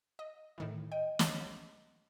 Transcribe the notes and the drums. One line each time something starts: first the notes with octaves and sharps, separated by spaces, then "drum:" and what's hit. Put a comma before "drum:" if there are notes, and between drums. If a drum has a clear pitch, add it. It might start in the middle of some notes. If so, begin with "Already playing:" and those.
D#5
A2 D#3 E3
D#5 G5
drum: snare